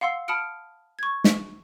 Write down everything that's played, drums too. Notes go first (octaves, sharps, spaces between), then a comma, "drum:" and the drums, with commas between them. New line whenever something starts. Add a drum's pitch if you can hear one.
F5 F#5 C6 E6 C7
A5 B5 D#6 F6 C#7 D7
C#6 G#6
drum: snare